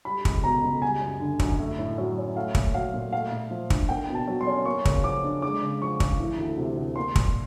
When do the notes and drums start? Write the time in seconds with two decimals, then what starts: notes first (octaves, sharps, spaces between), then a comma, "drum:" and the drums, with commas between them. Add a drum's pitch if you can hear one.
0.05 G3 B5
0.25 C#2, drum: kick
0.43 B2 A#5
0.64 C#2
0.82 G3 G#5
1.01 F#2
1.20 D3
1.40 F#2, drum: kick
1.60 A3
1.79 A2
1.98 F#3
2.17 C#4
2.36 A3 F5
2.55 A#2, drum: kick
2.74 F#3 F5
2.94 A#2
3.13 A3 F5
3.31 A#2
3.50 F3
3.70 D4, drum: kick
3.89 A#3 G5
4.08 B2
4.15 A5
4.28 F#3
4.41 C6
4.47 C#4
4.65 A#3 C#6
4.85 C#3, drum: kick
5.04 F3 D6
5.24 D4
5.42 G#3 D6
5.62 C#3
5.81 F3 C#6
6.00 C#3, drum: kick
6.20 E3
6.39 D2
6.58 C3
6.77 D2
6.96 A#3 C6
7.16 A#2, drum: kick